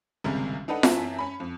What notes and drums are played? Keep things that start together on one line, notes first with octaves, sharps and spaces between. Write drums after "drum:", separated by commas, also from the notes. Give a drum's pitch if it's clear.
G#1 C#2 C3 G3 G#3
D4 D#4 A4 B4 F#5
F#2 E3 C4 E5 A5 B6, drum: snare F4
C#4 B5
F2